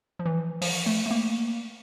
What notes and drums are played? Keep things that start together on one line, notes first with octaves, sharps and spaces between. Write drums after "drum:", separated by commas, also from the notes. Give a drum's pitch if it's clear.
F3
E3
F3, drum: open hi-hat
A3
A3
A#3